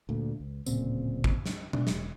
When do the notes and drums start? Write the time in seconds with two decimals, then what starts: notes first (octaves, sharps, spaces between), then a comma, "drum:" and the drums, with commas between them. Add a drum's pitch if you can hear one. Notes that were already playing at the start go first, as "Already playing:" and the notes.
0.09 D2 A#2 A3
0.40 C#2
0.66 D1 A#2 C#3 C4, drum: tambourine
1.24 drum: kick
1.46 drum: snare
1.73 B2 D4, drum: tom
1.87 E1, drum: snare